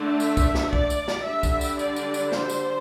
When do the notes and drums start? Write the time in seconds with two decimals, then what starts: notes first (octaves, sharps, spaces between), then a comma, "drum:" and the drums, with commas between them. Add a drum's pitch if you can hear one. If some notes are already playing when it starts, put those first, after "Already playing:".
Already playing: D3 A3 D4
0.20 E5, drum: tambourine
0.37 drum: kick, tambourine
0.55 drum: snare
0.73 D5, drum: kick
0.90 drum: tambourine
1.08 drum: snare
1.25 D3 G3 D4 E5
1.43 drum: kick, tambourine
1.61 drum: tambourine
1.79 D5, drum: tambourine
1.96 drum: tambourine
2.14 drum: tambourine
2.32 C5, drum: snare
2.49 drum: tambourine